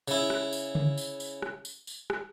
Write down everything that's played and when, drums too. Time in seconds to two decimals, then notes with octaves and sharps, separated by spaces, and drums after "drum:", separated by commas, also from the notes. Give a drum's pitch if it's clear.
0.08 C#3 E4, drum: tambourine
0.30 drum: rim click
0.53 drum: tambourine
0.75 drum: tom C#3
0.98 drum: tambourine
1.20 drum: tambourine
1.42 drum: rim click
1.65 drum: tambourine
1.87 drum: tambourine
2.10 drum: rim click